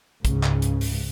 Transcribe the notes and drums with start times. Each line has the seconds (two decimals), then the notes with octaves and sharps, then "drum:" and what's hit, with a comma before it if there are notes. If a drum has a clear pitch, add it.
0.25 C#2 G#2 C#3, drum: kick, hi-hat
0.43 drum: clap
0.62 drum: hi-hat
0.81 drum: open hi-hat